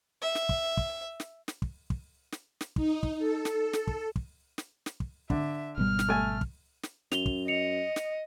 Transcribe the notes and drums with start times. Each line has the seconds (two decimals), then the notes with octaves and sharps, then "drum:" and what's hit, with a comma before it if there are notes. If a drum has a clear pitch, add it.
0.21 E5
0.35 drum: snare
0.49 drum: kick
0.77 drum: kick
1.20 drum: snare
1.48 drum: snare
1.62 drum: kick
1.90 drum: kick
2.32 drum: snare
2.61 drum: snare
2.76 D#4, drum: kick
3.03 drum: kick
3.18 A4
3.45 drum: snare
3.73 drum: snare
3.87 drum: kick
4.16 drum: kick
4.58 drum: snare
4.86 drum: snare
5.00 drum: kick
5.30 D3 E5, drum: kick
5.77 G#1 B2 G3 F6
5.99 drum: snare
6.09 A3 G#5
6.41 drum: kick
6.83 drum: snare
7.12 F#2 F7 G7, drum: snare
7.26 drum: kick
7.48 D#5 C#7 F7
7.96 drum: snare